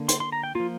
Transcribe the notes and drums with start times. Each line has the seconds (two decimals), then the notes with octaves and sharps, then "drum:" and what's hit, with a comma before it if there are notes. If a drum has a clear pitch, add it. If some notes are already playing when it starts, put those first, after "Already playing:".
Already playing: D3 A#3
0.08 C6, drum: hi-hat
0.20 C6
0.32 A#5
0.43 G5
0.55 F3 A#3 F4